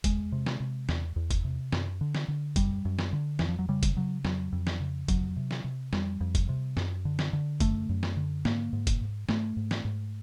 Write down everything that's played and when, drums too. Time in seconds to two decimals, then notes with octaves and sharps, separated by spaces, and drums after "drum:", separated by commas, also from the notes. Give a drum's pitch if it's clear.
0.04 E2 G#3, drum: kick, hi-hat
0.32 C3
0.46 drum: snare
0.60 C3
0.89 E2, drum: snare
1.16 E2
1.31 drum: kick, hi-hat
1.44 C3
1.72 F#2, drum: snare
2.01 D3
2.15 drum: snare
2.28 D3
2.56 F#2 G3, drum: kick, hi-hat
2.85 F#2
2.99 drum: snare
3.13 D3
3.39 F2 E3, drum: snare
3.49 F3
3.59 F#3
3.69 C#3 G3
3.83 drum: kick, hi-hat
3.96 C#3 F#3
4.25 F2 F#3, drum: snare
4.53 F2
4.67 drum: snare
4.80 C#3
5.08 F2 F#3, drum: kick, hi-hat
5.37 C3
5.51 drum: snare
5.64 C3
5.93 F2 G3, drum: snare
6.21 F2
6.35 drum: kick, hi-hat
6.49 C3
6.77 F#2, drum: snare
7.05 D3
7.19 drum: snare
7.33 D3
7.60 F#2 A3, drum: kick, hi-hat
7.89 F#2
8.03 drum: snare
8.17 D3
8.45 G#2 A#3, drum: snare
8.73 G#2
8.87 drum: kick, hi-hat
9.01 G#2
9.29 G#2 A3, drum: snare
9.57 G#2
9.71 drum: snare
9.85 G#2